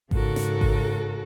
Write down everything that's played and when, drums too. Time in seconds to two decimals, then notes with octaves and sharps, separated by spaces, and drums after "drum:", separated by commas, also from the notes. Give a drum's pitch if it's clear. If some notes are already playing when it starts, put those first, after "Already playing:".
0.11 G#2 C#3 F#4 A4 A#4, drum: kick G#1
0.36 drum: snare
0.61 drum: kick G#1